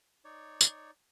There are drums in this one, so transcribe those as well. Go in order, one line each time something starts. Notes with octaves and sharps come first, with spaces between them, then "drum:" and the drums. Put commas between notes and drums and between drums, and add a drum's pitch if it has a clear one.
D#4 C#5 D5
drum: tambourine